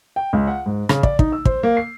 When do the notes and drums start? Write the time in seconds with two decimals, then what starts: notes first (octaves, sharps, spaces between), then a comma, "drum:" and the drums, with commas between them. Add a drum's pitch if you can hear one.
0.16 G5
0.33 C#2
0.47 F#5
0.66 G#2
0.89 C#3, drum: rim click
1.03 D5, drum: kick
1.19 D#4, drum: kick
1.32 E6
1.45 C5, drum: kick
1.63 A#3
1.77 C7